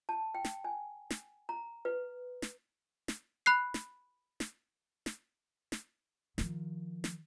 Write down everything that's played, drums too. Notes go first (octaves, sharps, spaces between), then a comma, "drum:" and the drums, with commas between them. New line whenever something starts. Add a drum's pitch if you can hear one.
A5
G5
drum: snare
G#5
drum: snare
A#5
B4
drum: snare
drum: snare
B5 F#6 C7
drum: snare
drum: snare
drum: snare
drum: snare
D#3 F3, drum: snare
drum: snare